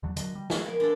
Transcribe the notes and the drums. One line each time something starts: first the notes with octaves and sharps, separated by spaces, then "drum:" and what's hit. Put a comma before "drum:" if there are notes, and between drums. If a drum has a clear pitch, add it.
E2 D3 F#3
D3 F3 F#3 D#5, drum: hi-hat
G3
F3 G#3, drum: snare
A#3 B3
D3 G#3 A4